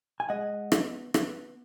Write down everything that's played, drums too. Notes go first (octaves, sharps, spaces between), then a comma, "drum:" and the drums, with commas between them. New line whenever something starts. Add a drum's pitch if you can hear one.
G#5
G#3 D#5 F#5
B3, drum: rim click
B3, drum: rim click